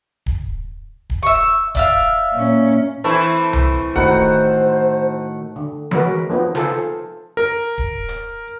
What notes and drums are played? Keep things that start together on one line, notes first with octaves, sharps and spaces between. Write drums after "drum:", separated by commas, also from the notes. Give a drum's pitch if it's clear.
drum: kick D1
drum: kick D1
E5 C#6
D5 E5 F5, drum: kick D1
A#2 C#4
E3 A3 C4 E4
drum: tom C2
A2 D#3 F#4 C5 F#5, drum: kick D1
D3
F#3 G#3 B3 F#4 A#4 B4, drum: tom E3
F3 B3 D#4
F4 G#4 A4 C5, drum: snare
A#4
drum: kick D1
drum: hi-hat